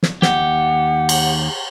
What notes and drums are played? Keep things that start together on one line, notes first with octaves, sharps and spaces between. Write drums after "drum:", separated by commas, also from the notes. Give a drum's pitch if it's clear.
drum: snare
D#2 G4 F#5, drum: snare
drum: cymbal